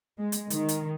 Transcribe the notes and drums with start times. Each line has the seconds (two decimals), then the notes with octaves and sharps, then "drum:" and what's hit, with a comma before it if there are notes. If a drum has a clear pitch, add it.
0.19 G#3
0.32 drum: hi-hat
0.50 D#3, drum: hi-hat
0.69 drum: hi-hat